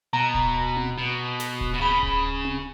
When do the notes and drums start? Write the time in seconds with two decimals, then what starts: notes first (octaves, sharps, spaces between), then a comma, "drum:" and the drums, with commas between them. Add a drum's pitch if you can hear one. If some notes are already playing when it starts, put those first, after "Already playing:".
0.13 B2 A#5
0.34 drum: kick D1
0.77 drum: tom C4
0.98 B2
1.40 drum: snare
1.61 drum: kick D1
1.74 B2
1.81 C#3 B5
2.03 drum: kick D1
2.45 drum: tom C4